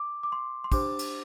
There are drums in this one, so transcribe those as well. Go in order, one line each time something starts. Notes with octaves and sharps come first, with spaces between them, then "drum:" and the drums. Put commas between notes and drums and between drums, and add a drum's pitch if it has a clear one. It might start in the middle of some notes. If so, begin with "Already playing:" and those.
Already playing: D6
D6
C6
C6
D4 G4 C5 D6, drum: kick, cymbal
drum: cymbal